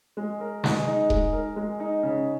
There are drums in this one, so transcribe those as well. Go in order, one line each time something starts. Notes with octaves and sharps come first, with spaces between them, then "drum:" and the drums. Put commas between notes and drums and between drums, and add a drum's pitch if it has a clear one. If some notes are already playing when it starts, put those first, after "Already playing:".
G#3
A#4
G#3, drum: snare
D#4
G#3, drum: kick D#1
A#4
G#3
D#4
C#3